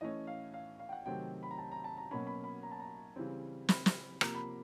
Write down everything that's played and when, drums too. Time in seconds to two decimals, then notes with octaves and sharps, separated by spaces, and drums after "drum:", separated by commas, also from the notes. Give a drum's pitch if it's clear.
0.01 E3 A3 C#4 D#5
0.27 F5
0.54 F5
0.79 F5
0.89 G5
0.92 F#5
1.06 C3 D#3 F#3 A3 C4 G5
1.43 B5
1.51 A#5
1.58 A5
1.71 A#5
1.84 A5
1.98 A#5
2.11 B2 F#3 A#3 C#4 B5
2.27 B5
2.44 B5
2.63 A#5
2.72 A5
2.80 A#5
3.16 C#3 E3 G3 C4
3.69 B5, drum: snare
3.86 drum: snare
4.21 C3 F3 A#3 A#5, drum: rim click
4.35 B5